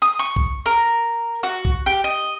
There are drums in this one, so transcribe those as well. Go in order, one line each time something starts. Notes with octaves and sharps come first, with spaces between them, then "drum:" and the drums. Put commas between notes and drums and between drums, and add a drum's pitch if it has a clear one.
D#6
C#6
drum: kick A#1
A#4
F#4
drum: kick A#1
G4
D#5